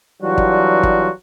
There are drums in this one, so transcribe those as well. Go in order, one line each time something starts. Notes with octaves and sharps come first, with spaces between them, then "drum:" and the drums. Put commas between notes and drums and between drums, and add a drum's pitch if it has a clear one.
E3 F#3 G3 D4 F4 F#4
drum: kick
drum: kick